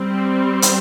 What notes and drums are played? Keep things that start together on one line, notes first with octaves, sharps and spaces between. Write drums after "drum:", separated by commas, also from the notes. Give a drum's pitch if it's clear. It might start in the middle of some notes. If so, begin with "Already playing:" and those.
Already playing: G3 C4
drum: hi-hat